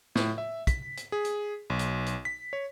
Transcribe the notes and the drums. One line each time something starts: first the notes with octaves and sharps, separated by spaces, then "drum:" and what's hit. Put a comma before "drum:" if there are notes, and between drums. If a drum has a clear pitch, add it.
A2, drum: snare
E5
B6, drum: kick, hi-hat
drum: hi-hat
G#4
drum: hi-hat
B1
drum: hi-hat
drum: hi-hat
B6
C#5